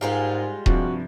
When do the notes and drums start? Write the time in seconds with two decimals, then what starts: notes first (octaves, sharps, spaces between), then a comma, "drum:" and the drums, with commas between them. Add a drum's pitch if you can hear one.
0.01 G#2 G3 G#3 F4 A#4 F5
0.66 G2 C3 F3 F#4, drum: kick D#1